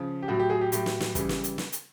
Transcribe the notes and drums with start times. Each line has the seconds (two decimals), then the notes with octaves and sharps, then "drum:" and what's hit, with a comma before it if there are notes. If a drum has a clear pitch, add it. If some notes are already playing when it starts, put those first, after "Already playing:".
Already playing: C#3 F3
0.22 G4
0.28 A2 F#3 F#4
0.39 G4
0.50 F#4 G#4
0.61 G4
0.72 A2 F#3 G4, drum: hi-hat
0.86 drum: snare
1.00 drum: snare
1.15 C#3 E3 G3, drum: kick, hi-hat
1.29 drum: snare
1.44 drum: hi-hat
1.58 drum: snare
1.72 drum: hi-hat